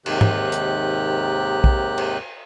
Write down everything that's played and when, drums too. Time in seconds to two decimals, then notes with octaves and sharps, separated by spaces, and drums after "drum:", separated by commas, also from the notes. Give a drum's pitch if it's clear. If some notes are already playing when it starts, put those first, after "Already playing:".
0.06 D#2 G#2 C3 D#3 G4 F#6, drum: cymbal
0.21 drum: tom
0.52 drum: hi-hat
1.64 drum: kick
1.98 drum: cymbal